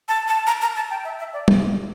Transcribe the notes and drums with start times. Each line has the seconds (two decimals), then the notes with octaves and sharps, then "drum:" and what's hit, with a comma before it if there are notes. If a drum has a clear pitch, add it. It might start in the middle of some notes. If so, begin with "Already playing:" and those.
0.08 A5
0.28 A5
0.47 A#5
0.61 A#5
0.76 A5
0.90 G5
1.05 E5
1.19 E5
1.33 D5
1.48 drum: tom